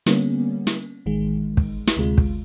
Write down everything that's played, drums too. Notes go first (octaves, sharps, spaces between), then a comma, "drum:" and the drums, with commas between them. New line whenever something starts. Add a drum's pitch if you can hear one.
D3 G3 A#3 B3 C#4, drum: snare
drum: snare
A1 D#3 G#3
drum: kick
drum: snare
D2 C3 G#3 F4
drum: kick